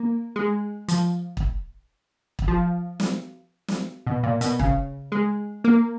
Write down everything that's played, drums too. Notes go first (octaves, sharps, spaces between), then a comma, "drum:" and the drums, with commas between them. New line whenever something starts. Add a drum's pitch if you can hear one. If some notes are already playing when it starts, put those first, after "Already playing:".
Already playing: A#3
G#3
F3, drum: hi-hat
drum: kick
drum: kick
F3
drum: snare
drum: snare
B2
A#2
B2, drum: hi-hat
C#3, drum: kick
G#3
A#3